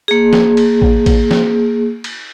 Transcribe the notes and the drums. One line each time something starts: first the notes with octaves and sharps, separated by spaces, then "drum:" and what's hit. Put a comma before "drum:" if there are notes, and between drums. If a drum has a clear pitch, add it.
A#3 G#4
drum: snare
drum: cymbal
drum: kick A1
drum: kick A1, cymbal
drum: snare
drum: cymbal